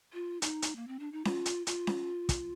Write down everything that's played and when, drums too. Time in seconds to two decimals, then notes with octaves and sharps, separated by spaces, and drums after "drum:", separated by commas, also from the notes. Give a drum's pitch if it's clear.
0.13 F4
0.42 D#4, drum: hi-hat
0.62 drum: hi-hat
0.76 A#3
0.88 C4
1.00 D4
1.12 D#4
1.25 F4, drum: snare C#4
1.46 drum: hi-hat
1.67 F4, drum: hi-hat
1.87 drum: snare C#4
2.29 drum: kick, hi-hat